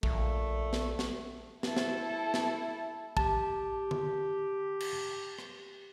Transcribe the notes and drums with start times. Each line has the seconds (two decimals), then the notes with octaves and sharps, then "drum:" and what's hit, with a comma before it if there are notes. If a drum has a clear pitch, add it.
0.03 A#1 A3, drum: kick
0.73 drum: snare
0.99 drum: snare
1.63 E4 A4, drum: snare
1.77 drum: snare
2.34 drum: snare
3.17 G4 A5, drum: kick
3.91 drum: tom D3
4.81 drum: cymbal
5.38 drum: rim click